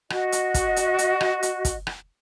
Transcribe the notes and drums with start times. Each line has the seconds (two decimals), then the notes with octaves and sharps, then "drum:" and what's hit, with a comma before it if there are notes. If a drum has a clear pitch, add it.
0.10 F#4 D#5, drum: rim click
0.32 drum: hi-hat
0.54 drum: kick, hi-hat
0.76 drum: hi-hat
0.98 drum: hi-hat
1.21 drum: rim click
1.43 drum: hi-hat
1.65 drum: kick, hi-hat
1.87 drum: rim click